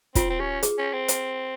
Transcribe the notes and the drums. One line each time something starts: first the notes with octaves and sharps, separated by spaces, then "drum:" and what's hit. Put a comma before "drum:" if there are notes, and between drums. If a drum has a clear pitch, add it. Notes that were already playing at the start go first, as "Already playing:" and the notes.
C4 F4, drum: kick, hi-hat
C4
C#4 G4
G#4, drum: hi-hat
C#4
C4
drum: hi-hat